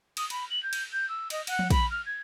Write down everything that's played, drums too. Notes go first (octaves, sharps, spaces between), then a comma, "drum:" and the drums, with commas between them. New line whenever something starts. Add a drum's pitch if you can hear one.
D#6, drum: cymbal
B5, drum: cymbal
F#7
G6
drum: cymbal
G6
E6
D#5, drum: cymbal
F#5, drum: cymbal
drum: tom F3
B5, drum: kick, cymbal
F6
G#6